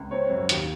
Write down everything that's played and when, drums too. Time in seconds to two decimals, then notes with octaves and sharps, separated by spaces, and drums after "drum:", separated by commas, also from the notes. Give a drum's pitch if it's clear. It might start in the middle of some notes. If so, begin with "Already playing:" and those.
Already playing: C#2
0.11 C4 C#5
0.30 F#2
0.49 D#2, drum: hi-hat